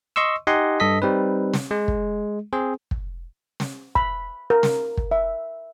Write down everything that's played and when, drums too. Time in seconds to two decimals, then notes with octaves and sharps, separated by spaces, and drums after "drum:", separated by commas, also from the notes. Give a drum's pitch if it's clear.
0.16 D#5 C6 C#6 E6
0.47 D#4 G4 D#5 F#5 G#5 C6
0.80 G2 A4 D#5 B6
1.02 G3 C4 D#4 B4
1.54 drum: snare
1.71 G#3
1.88 drum: kick
2.53 C4 G#4 C5
2.91 drum: kick
3.60 drum: snare
3.95 B5, drum: kick
4.50 A#4
4.63 drum: snare
4.97 drum: kick
5.11 E5